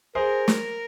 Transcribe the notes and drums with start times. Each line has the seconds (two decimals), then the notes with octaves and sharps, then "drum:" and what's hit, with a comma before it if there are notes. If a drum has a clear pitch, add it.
0.15 G#4 A#4 C5
0.48 drum: snare